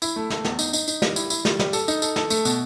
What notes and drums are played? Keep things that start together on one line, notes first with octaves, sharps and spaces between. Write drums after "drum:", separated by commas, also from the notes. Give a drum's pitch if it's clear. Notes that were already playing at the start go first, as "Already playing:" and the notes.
E4, drum: tambourine
A3
A3, drum: snare
E2, drum: snare
D#4, drum: tambourine
D#4, drum: tambourine
D#4, drum: tambourine
G3, drum: snare
E4, drum: tambourine
E4, drum: tambourine
G3, drum: snare
G3, drum: snare
A4, drum: tambourine
D#4, drum: tambourine
A4, drum: tambourine
A4, drum: snare
A3, drum: tambourine
B2, drum: tambourine